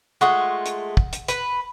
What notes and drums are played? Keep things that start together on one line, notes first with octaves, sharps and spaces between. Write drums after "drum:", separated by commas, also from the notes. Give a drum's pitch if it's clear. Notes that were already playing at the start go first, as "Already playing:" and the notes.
G#3 A3 F4 F#5 C#6 D#6
drum: hi-hat
drum: kick
drum: hi-hat
B4, drum: hi-hat